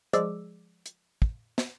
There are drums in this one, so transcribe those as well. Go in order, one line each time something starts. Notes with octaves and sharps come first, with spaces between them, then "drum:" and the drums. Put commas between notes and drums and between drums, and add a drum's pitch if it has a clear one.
F3 G#3 G#4 D5 D6 E6, drum: hi-hat
drum: hi-hat
drum: kick
drum: snare